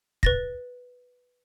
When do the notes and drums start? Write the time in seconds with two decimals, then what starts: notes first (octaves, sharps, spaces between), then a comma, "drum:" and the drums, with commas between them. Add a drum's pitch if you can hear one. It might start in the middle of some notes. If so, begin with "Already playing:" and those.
0.23 B4 A6 A#6, drum: kick